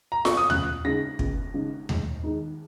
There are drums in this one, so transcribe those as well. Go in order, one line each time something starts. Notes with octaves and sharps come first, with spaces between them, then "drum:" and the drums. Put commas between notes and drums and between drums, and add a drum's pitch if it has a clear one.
A#5
C#6, drum: snare F4
D#6
C#2 F#6, drum: tom D#2
C#3 G#3 D#4 A#6
C#2, drum: kick
C#3 G#3 D#4
G#2, drum: tom D#2
D#3 G#3 D#4